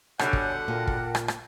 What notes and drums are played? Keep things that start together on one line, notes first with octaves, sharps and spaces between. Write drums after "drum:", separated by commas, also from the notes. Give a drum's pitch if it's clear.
B2 D3 G3 C#5 F#5 G#5 G6, drum: rim click
drum: kick
A#2 A#4 G5 A5
drum: kick
drum: rim click
drum: rim click